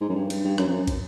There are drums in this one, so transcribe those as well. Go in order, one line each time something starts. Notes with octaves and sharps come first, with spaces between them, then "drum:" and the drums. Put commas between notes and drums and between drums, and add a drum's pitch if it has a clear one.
G#2
F#2
G2
G2, drum: cymbal
G2
F#2, drum: rim click
F2
F#2
drum: kick, cymbal